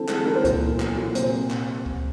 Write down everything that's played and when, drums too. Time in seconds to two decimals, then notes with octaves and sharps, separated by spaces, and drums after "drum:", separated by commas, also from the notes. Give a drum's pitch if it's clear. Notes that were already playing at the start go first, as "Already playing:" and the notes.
Already playing: D3 E3 C4 A4
0.09 G#3, drum: clap
0.18 A4
0.27 E3 A#4
0.36 C5
0.45 A#2, drum: kick C#2, hi-hat
0.62 B3
0.80 F#3, drum: clap
0.97 A#2
1.15 C3 C5, drum: hi-hat
1.51 drum: clap
1.86 drum: kick C#2